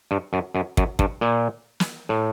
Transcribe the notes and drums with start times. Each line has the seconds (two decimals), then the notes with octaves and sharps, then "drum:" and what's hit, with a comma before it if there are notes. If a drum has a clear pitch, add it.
0.11 G2
0.33 F#2
0.55 F#2
0.77 F#2, drum: kick
0.99 G2, drum: kick
1.21 A#2
1.80 drum: snare
2.09 A2